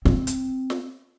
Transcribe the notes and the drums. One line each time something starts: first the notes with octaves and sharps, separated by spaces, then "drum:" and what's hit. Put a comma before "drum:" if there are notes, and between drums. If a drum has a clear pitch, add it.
C4, drum: snare
drum: hi-hat
drum: snare